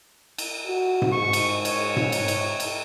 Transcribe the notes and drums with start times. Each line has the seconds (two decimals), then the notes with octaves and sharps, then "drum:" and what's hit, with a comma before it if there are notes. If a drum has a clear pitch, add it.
0.38 drum: cymbal
0.67 F#4
1.02 drum: tom G#2
1.13 G#2 C#6
1.33 drum: cymbal
1.65 C#5, drum: cymbal
1.97 drum: tom G#2
2.12 drum: cymbal
2.28 drum: cymbal
2.60 drum: cymbal